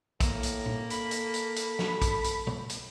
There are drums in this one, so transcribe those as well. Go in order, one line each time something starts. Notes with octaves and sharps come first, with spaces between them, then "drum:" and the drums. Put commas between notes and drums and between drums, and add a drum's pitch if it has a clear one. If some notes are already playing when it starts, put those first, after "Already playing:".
A2 A#3, drum: kick, hi-hat
drum: hi-hat
drum: tom
A4 B5, drum: hi-hat
drum: hi-hat
drum: hi-hat
drum: hi-hat
drum: snare
drum: kick, hi-hat
drum: hi-hat
drum: tom
drum: hi-hat